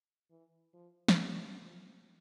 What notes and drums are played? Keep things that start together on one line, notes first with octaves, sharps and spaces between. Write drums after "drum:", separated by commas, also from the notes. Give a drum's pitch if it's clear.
E3
F3
drum: snare
G3
F3